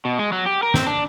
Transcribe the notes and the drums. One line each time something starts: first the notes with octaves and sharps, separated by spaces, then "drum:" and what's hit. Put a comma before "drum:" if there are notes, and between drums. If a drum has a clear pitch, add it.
B2
G#3
F#3
G4
A#4
C4, drum: snare
D4